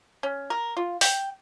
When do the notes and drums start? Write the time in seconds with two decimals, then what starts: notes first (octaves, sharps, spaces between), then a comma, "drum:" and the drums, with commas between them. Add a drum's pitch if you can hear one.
0.23 C#4
0.50 A#4
0.77 F4
1.01 G5, drum: open hi-hat